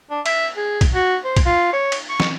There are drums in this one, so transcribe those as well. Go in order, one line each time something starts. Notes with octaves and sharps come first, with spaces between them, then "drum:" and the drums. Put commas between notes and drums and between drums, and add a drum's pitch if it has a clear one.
D4
E5, drum: cymbal
G#4
drum: kick, cymbal
F#4
C5
drum: kick, cymbal
F4
C#5
drum: cymbal
C#6
drum: snare